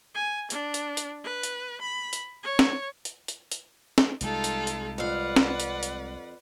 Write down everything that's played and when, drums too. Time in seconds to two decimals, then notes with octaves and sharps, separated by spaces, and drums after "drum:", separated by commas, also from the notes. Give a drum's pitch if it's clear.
0.14 G#5
0.50 D4, drum: hi-hat
0.74 drum: hi-hat
0.97 drum: hi-hat
1.24 B4
1.43 drum: hi-hat
1.81 B5
2.13 drum: hi-hat
2.43 C#5
2.59 drum: snare
3.05 drum: hi-hat
3.28 drum: hi-hat
3.51 drum: hi-hat
3.98 drum: snare
4.21 C2 G3 G#3 D#4 F4 A4, drum: hi-hat
4.44 drum: hi-hat
4.67 drum: hi-hat
4.98 F2 B4 D5 F5 F#5
5.36 drum: snare
5.60 drum: hi-hat
5.83 drum: hi-hat